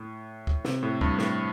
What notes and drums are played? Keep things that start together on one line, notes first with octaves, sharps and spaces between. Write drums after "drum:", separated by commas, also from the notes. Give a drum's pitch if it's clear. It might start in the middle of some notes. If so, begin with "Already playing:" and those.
Already playing: A2
drum: kick
C3, drum: snare
A2
G2, drum: kick
A2, drum: snare